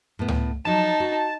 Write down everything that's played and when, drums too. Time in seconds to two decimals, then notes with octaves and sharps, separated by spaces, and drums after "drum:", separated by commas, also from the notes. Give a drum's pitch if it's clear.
0.19 A2 B3
0.28 drum: tom C#2
0.65 F3 F#3 D#4 A5
1.00 F#4